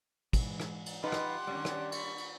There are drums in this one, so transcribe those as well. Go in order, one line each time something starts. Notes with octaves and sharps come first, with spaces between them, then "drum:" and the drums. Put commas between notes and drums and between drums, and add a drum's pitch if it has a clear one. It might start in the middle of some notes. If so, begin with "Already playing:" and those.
G#2 E3, drum: kick, cymbal
drum: rim click
drum: cymbal
F3 D#4 F4 G4 B4 F#5 C6
drum: rim click
D#3 G3 C#4 D4
drum: rim click
B5 C#6, drum: cymbal
drum: cymbal